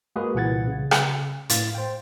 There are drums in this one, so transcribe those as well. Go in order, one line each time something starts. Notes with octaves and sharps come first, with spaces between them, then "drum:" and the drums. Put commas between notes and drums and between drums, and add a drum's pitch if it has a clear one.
G#3 A#3 F#4 G#4 B4
C2 A#2 E3 F#5 G#6 A6
C#3
drum: rim click
A2 F5 A6, drum: hi-hat
C5 G5